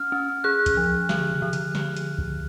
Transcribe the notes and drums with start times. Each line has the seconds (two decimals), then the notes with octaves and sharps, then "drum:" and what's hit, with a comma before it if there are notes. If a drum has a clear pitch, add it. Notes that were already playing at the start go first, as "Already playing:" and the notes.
Already playing: C#4 F6
0.12 C#4
0.44 G#4 F#6
0.66 drum: kick C#2, hi-hat
0.77 F3
1.09 D3, drum: snare
1.31 drum: tom C3
1.42 D3
1.53 drum: hi-hat
1.75 drum: snare
1.97 drum: hi-hat
2.18 drum: kick C#2